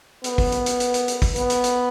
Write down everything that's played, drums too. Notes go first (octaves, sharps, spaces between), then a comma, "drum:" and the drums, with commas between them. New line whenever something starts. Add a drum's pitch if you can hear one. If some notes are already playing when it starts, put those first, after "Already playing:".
B3, drum: hi-hat
drum: kick, open hi-hat
drum: hi-hat
drum: hi-hat
drum: hi-hat
drum: hi-hat
drum: hi-hat
drum: kick, open hi-hat
B3, drum: hi-hat
drum: hi-hat
drum: hi-hat